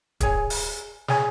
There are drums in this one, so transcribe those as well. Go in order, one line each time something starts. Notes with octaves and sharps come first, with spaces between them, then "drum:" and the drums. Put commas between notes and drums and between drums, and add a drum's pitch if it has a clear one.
G#4 C#5 G#5, drum: kick, hi-hat
drum: open hi-hat
G#4 C#5 G#5, drum: snare